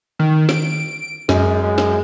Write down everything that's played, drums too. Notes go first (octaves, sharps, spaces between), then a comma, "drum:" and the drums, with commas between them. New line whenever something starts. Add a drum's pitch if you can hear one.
D#3
D7, drum: snare
F#2 G#3, drum: snare
G#3
drum: snare